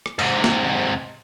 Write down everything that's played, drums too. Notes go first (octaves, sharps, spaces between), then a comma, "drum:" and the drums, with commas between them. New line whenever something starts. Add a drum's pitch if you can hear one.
drum: rim click
G#2 C3, drum: open hi-hat
drum: snare